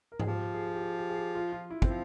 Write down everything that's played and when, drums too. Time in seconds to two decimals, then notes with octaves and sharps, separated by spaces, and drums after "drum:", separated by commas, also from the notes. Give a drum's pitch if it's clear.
0.12 A#4
0.20 G#4, drum: tom G#2
0.27 F3 G4
0.54 G#4
0.75 G4
0.81 G#4
0.99 G4
1.10 G#4
1.17 G4
1.35 F4
1.52 F4
1.70 E4
1.82 C4, drum: kick
1.89 F3